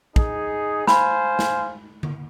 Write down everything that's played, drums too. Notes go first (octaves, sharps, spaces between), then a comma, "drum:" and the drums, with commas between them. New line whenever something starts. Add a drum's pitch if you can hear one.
D#4 G#4, drum: kick
C5 F5 G#5 B5, drum: snare
drum: snare
drum: tom D3